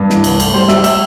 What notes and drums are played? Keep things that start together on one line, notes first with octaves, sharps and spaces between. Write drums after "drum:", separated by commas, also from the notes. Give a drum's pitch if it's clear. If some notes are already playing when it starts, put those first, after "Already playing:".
Already playing: G2
E3, drum: snare
C2, drum: cymbal
A3, drum: cymbal
G3 C5 C6
G3 E5 E6, drum: snare
E5 E6, drum: cymbal